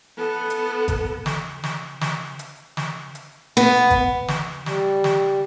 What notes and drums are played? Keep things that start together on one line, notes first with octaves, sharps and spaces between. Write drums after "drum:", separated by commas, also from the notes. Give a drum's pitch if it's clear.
B3 A4
drum: hi-hat
drum: kick G#1, hi-hat
drum: snare
drum: snare
drum: snare
drum: hi-hat
drum: snare
drum: hi-hat
B3
drum: kick G#1, hi-hat
drum: snare
G3, drum: snare
drum: snare